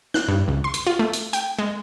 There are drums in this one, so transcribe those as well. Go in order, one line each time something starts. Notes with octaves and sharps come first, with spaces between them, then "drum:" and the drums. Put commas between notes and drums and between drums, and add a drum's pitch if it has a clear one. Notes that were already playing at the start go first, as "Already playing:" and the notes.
F#6, drum: snare
G2
C#2
C6
drum: hi-hat
F4
A3
drum: hi-hat
G5, drum: hi-hat
G#3